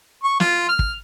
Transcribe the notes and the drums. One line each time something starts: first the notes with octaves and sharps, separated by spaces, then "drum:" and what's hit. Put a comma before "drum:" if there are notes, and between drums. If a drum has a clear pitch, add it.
C#6
F4, drum: snare
F6
drum: kick